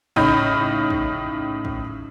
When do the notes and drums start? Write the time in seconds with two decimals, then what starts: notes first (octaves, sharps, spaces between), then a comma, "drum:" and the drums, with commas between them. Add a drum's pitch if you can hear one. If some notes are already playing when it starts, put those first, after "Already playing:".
0.16 A2 C#3 D#4 B5 G6, drum: kick
0.90 drum: kick
1.65 drum: kick